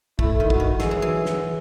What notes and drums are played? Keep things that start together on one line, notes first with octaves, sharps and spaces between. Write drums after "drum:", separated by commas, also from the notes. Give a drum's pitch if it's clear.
A3 E4, drum: kick
D#3
F#4, drum: kick
D#3
E3 G#4, drum: snare
F#3
E3
drum: snare